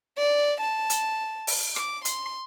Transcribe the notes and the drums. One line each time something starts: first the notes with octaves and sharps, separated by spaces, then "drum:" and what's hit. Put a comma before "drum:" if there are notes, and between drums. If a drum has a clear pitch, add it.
D5
A5
drum: hi-hat
drum: open hi-hat
D6, drum: rim click
C6, drum: hi-hat